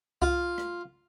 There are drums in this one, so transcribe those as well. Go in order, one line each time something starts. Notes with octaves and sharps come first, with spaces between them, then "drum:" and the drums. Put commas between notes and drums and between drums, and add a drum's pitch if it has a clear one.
F4, drum: kick C2
drum: rim click